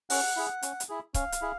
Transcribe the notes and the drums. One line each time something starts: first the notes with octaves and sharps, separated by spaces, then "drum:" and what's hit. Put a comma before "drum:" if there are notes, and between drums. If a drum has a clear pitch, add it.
C#4 F#5, drum: open hi-hat
E4 G#4
C#4, drum: hi-hat
drum: hi-hat
E4 G#4
C#4 F5, drum: kick C#1, hi-hat
drum: hi-hat
E4 G#4